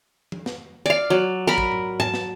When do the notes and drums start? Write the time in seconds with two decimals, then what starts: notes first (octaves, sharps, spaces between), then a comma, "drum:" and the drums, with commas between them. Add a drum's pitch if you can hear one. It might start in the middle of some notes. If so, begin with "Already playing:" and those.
0.32 drum: tom F3
0.46 drum: snare
0.86 D5 F5
1.10 F#3
1.47 A#4 B5
1.58 drum: kick
1.72 drum: tom G#2
2.00 A5, drum: tom G#2
2.14 drum: snare